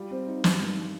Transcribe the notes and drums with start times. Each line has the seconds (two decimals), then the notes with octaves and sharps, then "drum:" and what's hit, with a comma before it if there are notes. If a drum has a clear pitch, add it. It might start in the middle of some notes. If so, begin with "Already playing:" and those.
Already playing: G3 F4
0.11 C4
0.27 D#4
0.44 G2, drum: snare
0.60 D#3